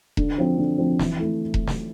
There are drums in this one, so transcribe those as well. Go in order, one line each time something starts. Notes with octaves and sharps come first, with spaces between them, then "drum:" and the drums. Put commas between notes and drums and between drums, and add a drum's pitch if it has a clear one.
D3, drum: kick E1
F3 C4
D3
F3 C4
E3, drum: snare
A3 E4
drum: kick E1
drum: snare